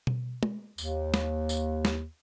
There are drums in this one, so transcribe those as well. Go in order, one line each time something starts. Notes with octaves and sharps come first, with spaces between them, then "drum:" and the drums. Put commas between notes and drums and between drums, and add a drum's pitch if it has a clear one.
drum: tom B2
drum: tom G#3
D#2, drum: tambourine
drum: snare
drum: tambourine
drum: snare